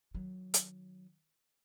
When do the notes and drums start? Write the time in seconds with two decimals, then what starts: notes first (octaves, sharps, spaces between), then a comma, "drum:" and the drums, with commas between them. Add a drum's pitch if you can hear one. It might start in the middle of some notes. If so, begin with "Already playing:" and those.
0.15 D#3 F#3
0.54 drum: hi-hat